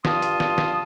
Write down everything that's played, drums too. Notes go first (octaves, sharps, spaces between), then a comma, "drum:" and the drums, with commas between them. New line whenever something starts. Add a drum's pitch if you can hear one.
G2 F4 A5 C6 D#6, drum: snare
drum: hi-hat
drum: snare
drum: snare